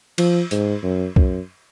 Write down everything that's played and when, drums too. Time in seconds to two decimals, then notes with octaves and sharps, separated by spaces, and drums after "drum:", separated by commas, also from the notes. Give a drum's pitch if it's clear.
0.18 F3, drum: cymbal
0.51 G#2, drum: hi-hat
0.83 F#2
1.16 F#2, drum: kick